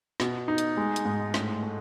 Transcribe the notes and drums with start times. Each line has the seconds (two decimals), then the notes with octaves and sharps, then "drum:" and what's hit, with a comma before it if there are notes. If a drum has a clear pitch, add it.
0.20 B2, drum: snare
0.48 D#4
0.58 drum: hi-hat
0.77 G#3
0.96 drum: hi-hat
1.05 G#2
1.34 A2, drum: snare
1.62 A3